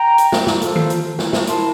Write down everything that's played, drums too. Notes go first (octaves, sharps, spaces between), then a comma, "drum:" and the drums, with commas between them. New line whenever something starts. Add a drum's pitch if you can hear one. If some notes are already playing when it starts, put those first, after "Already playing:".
Already playing: G5 A#5
drum: hi-hat
drum: snare
drum: snare
F4 A4 C5, drum: hi-hat
drum: tom D#3
drum: hi-hat
drum: snare
drum: snare
E4 A#4 A5 C6, drum: hi-hat